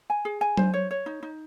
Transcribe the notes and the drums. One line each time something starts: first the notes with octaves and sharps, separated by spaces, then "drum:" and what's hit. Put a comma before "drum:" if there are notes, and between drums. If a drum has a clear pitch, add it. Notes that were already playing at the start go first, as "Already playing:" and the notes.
G#5
G#4
G#5
C5, drum: tom F#3
C#5
C#5
D#4
D#4